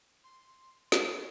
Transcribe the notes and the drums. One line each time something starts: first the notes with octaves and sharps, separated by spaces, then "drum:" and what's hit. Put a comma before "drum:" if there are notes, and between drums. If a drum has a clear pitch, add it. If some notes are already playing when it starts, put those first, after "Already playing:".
C6
B3 G#4 A#4 B4 C#5, drum: snare